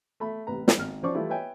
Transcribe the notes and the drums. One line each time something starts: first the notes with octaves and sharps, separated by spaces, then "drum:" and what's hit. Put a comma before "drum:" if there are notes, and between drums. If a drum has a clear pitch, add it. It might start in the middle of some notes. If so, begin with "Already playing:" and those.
A3 B5
A1 C3 B4 A#5
drum: snare
G#1 F6
F3 C#4 C5 D5 C#6 D6
E3 G3 A3 E4 F4
B4 C#5 D#5 E5 G5 G#5